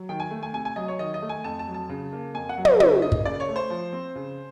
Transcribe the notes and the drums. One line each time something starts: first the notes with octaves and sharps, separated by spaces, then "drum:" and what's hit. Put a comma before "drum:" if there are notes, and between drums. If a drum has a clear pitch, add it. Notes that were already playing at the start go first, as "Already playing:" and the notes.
Already playing: F#3
D#3 G5
G#5
A3
G#5
C3 G#5
G#5
F#3 D#5
C#5
D#3 D#5
D#5
A3
G#5
F2 A5
A5
F#3
A5
C#3
A#3
F2 G#5
F#5
F#3
F5, drum: tom
C#3 E5, drum: tom
A#3 D#5
drum: kick
C#3 D5
C#5
A3
C5
F3
C4
C#3